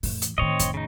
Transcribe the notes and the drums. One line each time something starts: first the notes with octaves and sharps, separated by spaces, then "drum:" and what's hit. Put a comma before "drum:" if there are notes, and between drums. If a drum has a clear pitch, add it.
A2 E3, drum: kick F2, open hi-hat
drum: hi-hat
A2 D#3 C4 C#5 D#5
drum: kick F2, hi-hat
C#3 D#4